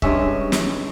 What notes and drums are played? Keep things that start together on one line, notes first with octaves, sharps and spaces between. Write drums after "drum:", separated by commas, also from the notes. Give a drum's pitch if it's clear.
G2 G#3 C#4 E5, drum: kick C#1
drum: snare